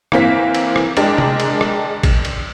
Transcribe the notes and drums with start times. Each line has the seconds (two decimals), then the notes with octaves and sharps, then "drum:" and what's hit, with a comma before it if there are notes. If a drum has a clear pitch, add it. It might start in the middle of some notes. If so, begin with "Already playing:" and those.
0.12 E3 A#3 C4 B6, drum: rim click
0.55 drum: cymbal
0.76 drum: rim click
0.97 G#3 D4 G4 A#4, drum: cymbal
1.18 drum: tom C3
1.40 drum: cymbal
1.61 drum: rim click
2.03 drum: kick A1, cymbal
2.25 drum: cymbal